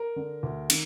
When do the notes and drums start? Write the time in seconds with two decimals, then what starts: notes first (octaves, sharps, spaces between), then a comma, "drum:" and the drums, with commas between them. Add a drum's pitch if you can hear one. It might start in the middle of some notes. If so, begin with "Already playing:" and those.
Already playing: A#4
0.16 D3
0.43 D2
0.70 D#3, drum: cymbal